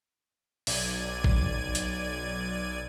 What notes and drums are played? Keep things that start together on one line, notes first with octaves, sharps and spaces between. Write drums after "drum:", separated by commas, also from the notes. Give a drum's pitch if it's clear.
B1 D5 G#6 D#7, drum: open hi-hat
drum: kick A1
drum: hi-hat